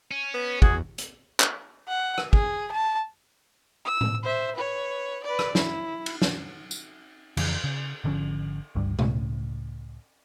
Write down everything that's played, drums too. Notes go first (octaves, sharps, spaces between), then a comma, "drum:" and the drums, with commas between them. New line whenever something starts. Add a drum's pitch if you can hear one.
C#4
B3
E2 F#4 G#4, drum: kick
drum: hi-hat
drum: clap
F#5
drum: rim click
G#4, drum: kick
A5
E6
drum: tom A2
C5 E5
B4 C#5
B4 D5
drum: rim click
E4, drum: snare
drum: cymbal
drum: snare
drum: tambourine
F2 C#3 E3, drum: cymbal
C#3
G#1 D3 F3 C#4
G1 C#2 G2 G3
C#2 A2 C#3, drum: tom B2